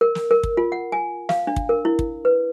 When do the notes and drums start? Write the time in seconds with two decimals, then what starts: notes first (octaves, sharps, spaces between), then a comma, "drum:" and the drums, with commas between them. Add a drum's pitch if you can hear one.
0.01 A#4
0.15 drum: snare
0.31 A#4
0.43 drum: kick
0.57 F4
0.72 F#5
0.92 G#5
1.29 F5, drum: snare
1.47 D4
1.56 drum: kick
1.69 A#4
1.85 E4
1.99 drum: kick
2.25 B4